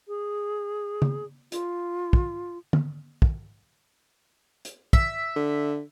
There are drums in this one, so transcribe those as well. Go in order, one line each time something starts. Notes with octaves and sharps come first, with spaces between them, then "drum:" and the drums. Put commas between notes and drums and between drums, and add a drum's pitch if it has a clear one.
G#4
drum: tom C#3
F4, drum: hi-hat
drum: kick
drum: tom D3
drum: kick
drum: hi-hat
E5, drum: kick
D3